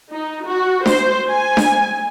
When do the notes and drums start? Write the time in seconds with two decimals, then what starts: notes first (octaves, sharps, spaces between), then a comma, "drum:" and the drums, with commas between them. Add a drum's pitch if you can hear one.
0.12 D#4
0.46 F#4
0.86 C5, drum: snare D4
1.29 G#5
1.57 drum: snare D4